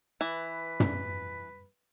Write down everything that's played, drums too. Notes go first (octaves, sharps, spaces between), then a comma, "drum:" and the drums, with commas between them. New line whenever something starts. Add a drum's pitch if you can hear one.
E3 B4
drum: tom